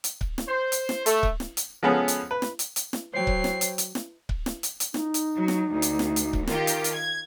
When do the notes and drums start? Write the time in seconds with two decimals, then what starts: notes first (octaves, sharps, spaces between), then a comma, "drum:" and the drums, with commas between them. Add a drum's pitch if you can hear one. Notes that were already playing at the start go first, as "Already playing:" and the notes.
0.04 drum: hi-hat
0.21 drum: kick C#1
0.38 drum: snare
0.48 C5
0.72 drum: hi-hat
0.89 drum: snare
1.06 A3, drum: hi-hat
1.23 drum: kick C#1
1.40 drum: snare
1.57 drum: hi-hat
1.83 F3 G#3 B3 C#4 G#4 A4
2.08 drum: hi-hat
2.31 B4
2.42 drum: snare
2.59 drum: hi-hat
2.76 drum: hi-hat
2.93 drum: snare
3.14 F#3 C5 C#5 G5 C7
3.27 drum: kick C#1
3.44 drum: snare
3.61 drum: hi-hat
3.78 drum: hi-hat
3.95 drum: snare
4.29 drum: kick C#1
4.46 drum: snare
4.63 drum: hi-hat
4.80 drum: hi-hat
4.94 D#4, drum: snare
5.14 drum: hi-hat
5.35 F#3
5.48 drum: snare
5.70 D2
5.82 drum: hi-hat
5.99 drum: snare
6.16 drum: hi-hat
6.33 drum: kick C#1
6.47 D#3 F4 G4 A#4, drum: snare
6.67 drum: hi-hat
6.84 drum: hi-hat
6.94 G#6